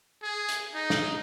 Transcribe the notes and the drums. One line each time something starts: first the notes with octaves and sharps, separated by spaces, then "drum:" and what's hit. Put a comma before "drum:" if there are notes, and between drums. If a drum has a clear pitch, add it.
G#4
drum: hi-hat
D#4
drum: snare